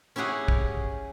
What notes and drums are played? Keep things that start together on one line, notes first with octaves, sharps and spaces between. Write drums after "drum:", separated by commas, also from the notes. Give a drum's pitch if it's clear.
C#4 E4 G4 G#4 F#5
drum: kick